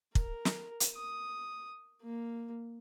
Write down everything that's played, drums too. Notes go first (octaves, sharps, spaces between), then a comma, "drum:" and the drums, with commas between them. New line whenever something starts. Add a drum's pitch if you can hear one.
A#4, drum: kick
drum: snare
drum: hi-hat
D#6
A#3